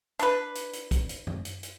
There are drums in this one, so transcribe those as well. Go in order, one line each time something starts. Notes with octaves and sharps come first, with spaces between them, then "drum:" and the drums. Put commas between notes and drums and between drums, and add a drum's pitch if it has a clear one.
D4 B4, drum: hi-hat
drum: hi-hat
drum: hi-hat
drum: kick, hi-hat
drum: hi-hat
drum: tom F#2
drum: hi-hat
drum: hi-hat